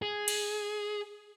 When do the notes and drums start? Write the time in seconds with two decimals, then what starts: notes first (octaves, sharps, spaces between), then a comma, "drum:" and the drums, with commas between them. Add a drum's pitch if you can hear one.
0.02 G#4
0.28 drum: cymbal